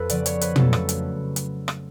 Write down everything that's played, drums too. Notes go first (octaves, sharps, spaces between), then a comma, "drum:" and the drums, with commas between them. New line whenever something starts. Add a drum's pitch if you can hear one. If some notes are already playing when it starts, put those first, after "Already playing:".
Already playing: F2 A4 B4
C#3 F3 B3 D5, drum: hi-hat
C#5, drum: hi-hat
B4, drum: hi-hat
F2 C#3 F#3 A3 A4, drum: tom
drum: rim click
drum: hi-hat
drum: hi-hat
drum: rim click